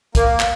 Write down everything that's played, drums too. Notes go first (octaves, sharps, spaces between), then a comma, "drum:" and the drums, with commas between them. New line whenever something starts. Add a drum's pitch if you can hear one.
A#3, drum: kick, hi-hat
drum: clap